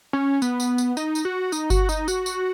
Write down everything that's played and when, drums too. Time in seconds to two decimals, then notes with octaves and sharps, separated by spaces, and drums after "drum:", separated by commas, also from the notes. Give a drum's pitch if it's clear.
0.13 C#4
0.42 B3, drum: tambourine
0.60 drum: tambourine
0.78 drum: tambourine
0.97 D#4, drum: tambourine
1.15 drum: tambourine
1.25 F#4
1.52 D#4, drum: tambourine
1.70 F#4, drum: kick G1, tambourine
1.89 D#4, drum: tambourine
2.08 F#4, drum: tambourine
2.26 drum: tambourine